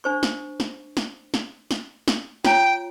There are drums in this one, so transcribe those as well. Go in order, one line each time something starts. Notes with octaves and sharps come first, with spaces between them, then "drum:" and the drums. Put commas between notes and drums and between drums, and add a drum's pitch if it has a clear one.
D4 C5 C#6
drum: snare
drum: snare
drum: snare
drum: snare
drum: snare
drum: snare
F4 C#5 G5 A#5, drum: snare